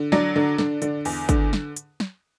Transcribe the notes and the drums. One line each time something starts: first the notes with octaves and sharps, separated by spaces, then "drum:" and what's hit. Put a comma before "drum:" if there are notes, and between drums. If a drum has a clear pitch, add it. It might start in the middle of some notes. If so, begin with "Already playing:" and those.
Already playing: D3
F#3 D4, drum: snare
D3
D3, drum: snare
D3, drum: hi-hat
E2, drum: open hi-hat
D3, drum: kick, hi-hat
drum: snare
drum: hi-hat
drum: snare